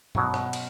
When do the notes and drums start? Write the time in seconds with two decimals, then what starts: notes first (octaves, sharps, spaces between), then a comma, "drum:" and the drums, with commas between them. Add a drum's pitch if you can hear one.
0.15 B2 F#3 C#4, drum: tom G2
0.34 drum: rim click
0.53 drum: cymbal